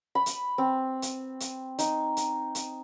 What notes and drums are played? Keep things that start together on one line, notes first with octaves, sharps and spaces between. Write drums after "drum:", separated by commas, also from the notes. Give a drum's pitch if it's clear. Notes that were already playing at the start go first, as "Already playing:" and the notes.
B5
drum: hi-hat
C4
drum: hi-hat
drum: hi-hat
D#4, drum: hi-hat
drum: hi-hat
drum: hi-hat